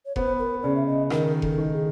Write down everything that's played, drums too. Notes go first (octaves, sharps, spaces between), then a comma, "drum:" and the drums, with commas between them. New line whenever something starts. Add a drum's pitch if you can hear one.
C#5
B3 C5, drum: kick F1
A#4
C#3 D5
E5
D#5
D#3 A#4, drum: rim click
A4, drum: kick F1
D#3
G#4